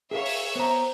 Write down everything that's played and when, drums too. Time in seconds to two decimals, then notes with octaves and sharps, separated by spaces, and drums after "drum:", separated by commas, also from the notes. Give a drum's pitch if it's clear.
0.11 G#4 A#4 C#5 E5 F5
0.26 drum: open hi-hat
0.55 B3 C5 A#5